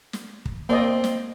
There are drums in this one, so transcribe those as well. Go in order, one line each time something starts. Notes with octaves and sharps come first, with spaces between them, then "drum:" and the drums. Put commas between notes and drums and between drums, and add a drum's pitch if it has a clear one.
drum: snare
drum: kick
A#3 C4 D5 D#5
drum: snare